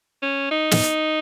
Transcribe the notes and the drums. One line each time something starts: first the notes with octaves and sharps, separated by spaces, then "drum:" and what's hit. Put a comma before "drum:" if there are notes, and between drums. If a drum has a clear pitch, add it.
C#4
D#4
drum: snare